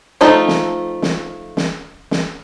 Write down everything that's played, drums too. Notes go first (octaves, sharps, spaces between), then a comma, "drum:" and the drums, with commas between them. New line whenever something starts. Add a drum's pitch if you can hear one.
F3 A3 D#4 F4 A4
drum: snare
drum: snare
drum: snare
drum: snare